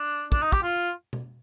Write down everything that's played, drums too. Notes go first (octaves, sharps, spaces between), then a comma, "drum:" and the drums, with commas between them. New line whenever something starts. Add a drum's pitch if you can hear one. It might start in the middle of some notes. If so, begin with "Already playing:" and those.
Already playing: D4
D4, drum: kick
D#4
G4, drum: kick
F4
drum: tom B2